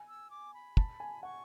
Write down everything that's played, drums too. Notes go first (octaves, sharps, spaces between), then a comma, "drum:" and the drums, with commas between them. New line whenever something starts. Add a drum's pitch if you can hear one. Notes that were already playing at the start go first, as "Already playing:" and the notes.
Already playing: G#5
E6
D6
B5
A5, drum: kick
G#5
F#5 C#6